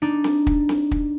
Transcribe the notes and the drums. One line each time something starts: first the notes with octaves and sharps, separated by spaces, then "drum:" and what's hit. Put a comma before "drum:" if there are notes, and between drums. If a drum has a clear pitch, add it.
D4 D#4
drum: snare C4
drum: kick
drum: snare C4
drum: kick